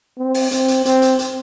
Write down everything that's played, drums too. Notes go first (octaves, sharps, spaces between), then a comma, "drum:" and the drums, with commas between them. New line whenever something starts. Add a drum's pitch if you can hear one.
C4
drum: open hi-hat
C4, drum: hi-hat
drum: hi-hat
C4, drum: hi-hat
drum: hi-hat
drum: hi-hat